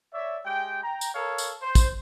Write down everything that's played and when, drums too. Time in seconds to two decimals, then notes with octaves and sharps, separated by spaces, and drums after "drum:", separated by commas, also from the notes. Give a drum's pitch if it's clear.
0.14 C#5 D5 E5
0.46 G#3 G4 G5
0.84 G5 A#5
1.01 drum: tambourine
1.15 A4 A#4 C#5 F5
1.38 drum: tambourine
1.62 C5
1.75 drum: kick, tambourine